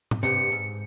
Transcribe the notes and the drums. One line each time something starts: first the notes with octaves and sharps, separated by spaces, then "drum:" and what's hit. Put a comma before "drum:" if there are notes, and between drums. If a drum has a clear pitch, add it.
drum: tom G#2
C2 G2 C3 C#7
G#2